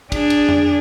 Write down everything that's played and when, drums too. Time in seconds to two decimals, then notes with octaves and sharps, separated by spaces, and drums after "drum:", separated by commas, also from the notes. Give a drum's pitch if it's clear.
0.12 D4 G#4, drum: kick, cymbal
0.30 drum: cymbal
0.49 drum: tom F2